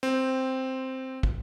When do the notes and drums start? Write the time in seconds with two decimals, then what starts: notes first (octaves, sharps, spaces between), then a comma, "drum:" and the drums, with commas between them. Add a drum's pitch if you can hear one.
0.03 C4
1.23 drum: kick